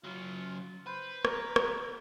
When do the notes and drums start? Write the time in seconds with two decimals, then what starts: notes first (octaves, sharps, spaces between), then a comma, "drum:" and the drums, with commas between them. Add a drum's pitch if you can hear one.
0.04 C#3 F#3 F4
0.87 B4 C5
1.25 A#4, drum: rim click
1.56 drum: rim click